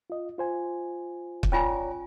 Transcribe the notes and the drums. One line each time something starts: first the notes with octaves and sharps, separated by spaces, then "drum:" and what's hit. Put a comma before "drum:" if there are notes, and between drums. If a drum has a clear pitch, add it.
F4 D#5
F4 C5 G#5
drum: kick
C#4 F4 C#5 D5 G#5 A#5